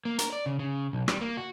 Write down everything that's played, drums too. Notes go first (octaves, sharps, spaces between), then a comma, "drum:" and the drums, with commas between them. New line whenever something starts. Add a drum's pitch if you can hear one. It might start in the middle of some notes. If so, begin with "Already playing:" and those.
A#3
A#4, drum: hi-hat
D5
C#3
C#3
B1
G3, drum: rim click
A#3
F#4